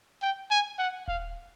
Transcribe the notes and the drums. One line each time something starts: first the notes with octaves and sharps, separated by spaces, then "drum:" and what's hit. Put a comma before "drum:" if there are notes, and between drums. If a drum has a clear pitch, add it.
G5
G#5
F#5
F5, drum: kick D#1